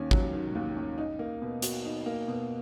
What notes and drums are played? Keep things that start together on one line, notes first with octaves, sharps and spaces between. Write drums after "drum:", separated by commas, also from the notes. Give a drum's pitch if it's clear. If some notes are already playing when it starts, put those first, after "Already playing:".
Already playing: D#2 D#3 C#4
F#3, drum: kick
D#3
D#2
C#4
D#4
A#3
B2
F#4, drum: hi-hat
D#4
A#3
B2